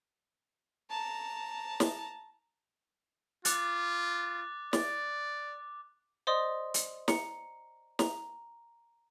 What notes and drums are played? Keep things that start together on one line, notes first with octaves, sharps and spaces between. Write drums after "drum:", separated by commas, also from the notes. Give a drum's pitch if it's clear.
A5 A#5
drum: snare
F4 D6 F#6 A6, drum: hi-hat
D5, drum: snare
C5 D5 D#5 C6 D#6
drum: hi-hat
A#5 C#7, drum: snare
A#5, drum: snare